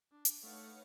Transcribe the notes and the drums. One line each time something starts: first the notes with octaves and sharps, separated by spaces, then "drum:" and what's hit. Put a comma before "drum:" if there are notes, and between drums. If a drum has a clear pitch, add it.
D4
drum: hi-hat
A3 D#4 B4 C#5 F5 F#5